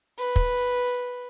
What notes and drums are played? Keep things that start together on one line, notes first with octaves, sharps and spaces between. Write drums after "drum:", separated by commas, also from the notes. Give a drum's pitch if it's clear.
B4
drum: kick